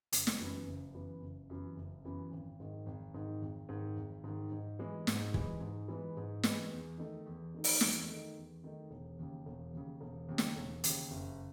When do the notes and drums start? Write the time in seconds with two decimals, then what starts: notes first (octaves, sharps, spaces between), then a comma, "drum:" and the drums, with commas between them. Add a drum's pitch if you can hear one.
0.12 F#1, drum: hi-hat
0.27 drum: snare
0.39 F#2 E3 B3
0.67 F#1
0.94 F#2 E3 B3
1.22 F#1
1.50 F#2 E3 B3
1.76 F#1
2.04 F#2 E3 B3
2.32 G#1
2.60 G#2 D#3
2.86 G#1
3.14 G#2 D#3
3.41 G#1
3.69 G#2 D#3
3.96 G#1
4.24 G#2 D#3
4.52 G#2
4.79 E3 G#3 B3
5.07 G#2, drum: snare
5.34 E3 G#3 B3, drum: kick
5.61 G#2
5.88 E3 G#3 B3
6.17 G#2
6.43 E3 G#3 B3, drum: snare
6.71 E2
6.98 D#3 A3 D#4
7.26 E2
7.54 D#3 A3 D#4
7.64 drum: open hi-hat
7.81 E2, drum: snare
8.09 D#3 A3 D#4
8.36 E2
8.64 D#3 A3 D#4
8.91 E1
9.19 D#2 C#3
9.46 E1
9.73 D#2 C#3
10.01 E1
10.29 D#2 C#3
10.38 drum: snare
10.56 E1
10.84 D#2 C#3, drum: hi-hat
11.11 F#1